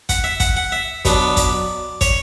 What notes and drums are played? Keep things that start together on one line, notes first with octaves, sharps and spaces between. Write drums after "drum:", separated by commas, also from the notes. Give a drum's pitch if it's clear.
F#5, drum: kick, hi-hat
E5
F#5, drum: kick, hi-hat
F#5
E5
B2 F#3 B3 D4, drum: kick, hi-hat
D5, drum: kick, hi-hat
C#5, drum: kick, hi-hat